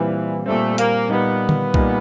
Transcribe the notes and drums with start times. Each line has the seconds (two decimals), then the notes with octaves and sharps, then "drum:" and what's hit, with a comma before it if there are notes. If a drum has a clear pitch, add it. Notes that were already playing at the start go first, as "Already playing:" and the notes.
Already playing: A#2 E3 G3 C4
0.46 A#2 G3 A3 C4
0.78 A#3, drum: hi-hat
1.10 A#2 G3 A#3 B3 D#4
1.49 drum: tom D3
1.74 A#2 G3 A#3 D#4, drum: kick B1